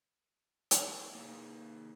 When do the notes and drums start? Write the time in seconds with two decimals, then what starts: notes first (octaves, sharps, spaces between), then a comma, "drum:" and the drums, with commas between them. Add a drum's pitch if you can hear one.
0.71 drum: hi-hat
1.15 A#3 D#4 G#4